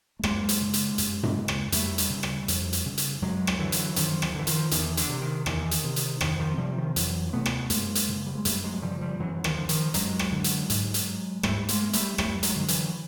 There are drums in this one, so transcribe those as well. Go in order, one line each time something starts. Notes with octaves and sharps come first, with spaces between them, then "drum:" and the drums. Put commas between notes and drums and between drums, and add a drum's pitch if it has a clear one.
A3
F#2 G#3 A#3, drum: rim click
drum: hi-hat
C#3
drum: hi-hat
F#2, drum: hi-hat
drum: tom F#2
C#3
drum: rim click
F2 G3 A3, drum: hi-hat
drum: hi-hat
C#3
drum: rim click
F2, drum: hi-hat
drum: hi-hat
C#3
drum: hi-hat
F#2 F#3 G#3
drum: rim click
D3 E3 F#3
drum: hi-hat
F#2 D#3 F3, drum: hi-hat
drum: rim click
D3 E3
D#3 F3, drum: hi-hat
E2 D#3, drum: hi-hat
D3, drum: hi-hat
C3
D#3
E2 D#3, drum: rim click
drum: hi-hat
C3
drum: hi-hat
F2 D#3 F3, drum: rim click
D#3 F3
C3 F3 G3
D#3 F3
F2 E3 F#3, drum: hi-hat
C3 A3 B3
drum: rim click
F#2 G#3 A#3, drum: hi-hat
drum: hi-hat
C#3
G3
G#3
F#2 G3 A3, drum: hi-hat
F#3 G#3
G#3
C#3 F3 G3
F3 G3
F#2 E3 F#3
F#3
D#3 F3, drum: rim click
D3
D#3 F3, drum: hi-hat
F#2 F#3 G#3, drum: hi-hat
drum: rim click
D3
drum: hi-hat
G#2, drum: hi-hat
drum: hi-hat
G#2 G3 A3, drum: rim click
G#3 A#3, drum: hi-hat
G3 A3, drum: hi-hat
F#2 G3 A3, drum: rim click
F#3 G#3, drum: hi-hat
D3
E3 F#3, drum: hi-hat